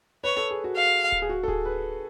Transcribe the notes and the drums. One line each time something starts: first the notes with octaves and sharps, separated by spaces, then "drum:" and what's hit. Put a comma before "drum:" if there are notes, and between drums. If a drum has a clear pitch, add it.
B4 C#5
A4
G#4
F#4
F5
drum: kick D1
G#4
F#4
A4
G#4, drum: kick D1
B4